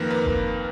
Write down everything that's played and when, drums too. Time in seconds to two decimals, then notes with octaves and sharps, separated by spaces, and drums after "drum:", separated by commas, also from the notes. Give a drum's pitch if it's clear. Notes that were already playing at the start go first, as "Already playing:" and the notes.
Already playing: F2 D#3 A#3 A#4 B4
0.10 B4
0.25 drum: kick F#1